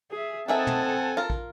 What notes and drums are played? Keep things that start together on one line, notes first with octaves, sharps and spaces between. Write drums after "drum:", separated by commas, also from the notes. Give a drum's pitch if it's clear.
G#4 E5
D#3 C4 G#4 A4 E5 F#5 G#5 A5
drum: tom
F4 A#4
drum: kick